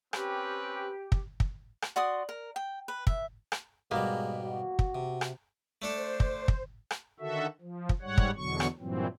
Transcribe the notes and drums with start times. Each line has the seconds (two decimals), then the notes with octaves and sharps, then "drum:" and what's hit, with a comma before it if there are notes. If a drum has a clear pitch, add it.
0.13 C4 C#4 G4 B4, drum: rim click
1.12 drum: kick
1.40 drum: kick
1.82 drum: rim click
1.96 F#4 D5 C6 D#6
2.29 A#4
2.56 G5
2.88 B4
3.07 E5, drum: kick
3.52 drum: rim click
3.91 G#2 B2 G3 G#3 A#3 B3
4.44 F#4
4.79 drum: kick
4.95 C3
5.21 drum: rim click
5.82 A3 D4 A4 C5
6.20 drum: kick
6.48 drum: kick
6.91 drum: rim click
7.20 D3 D#3 F#4 A4 E5
7.61 F3
7.89 drum: kick
8.02 G#2 G3 C#5 F#5
8.18 drum: kick
8.36 E2 B2 D3 F#3 C#6
8.60 drum: rim click
8.80 G2 A#2 E3 F#3 C4